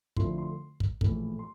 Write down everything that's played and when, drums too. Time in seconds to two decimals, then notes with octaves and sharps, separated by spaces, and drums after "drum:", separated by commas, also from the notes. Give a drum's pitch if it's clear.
0.17 F2 D3 F3 A3 E4 C6, drum: kick
0.38 C6
0.80 drum: kick
1.01 A#1 A2 E3 A3, drum: kick
1.39 C6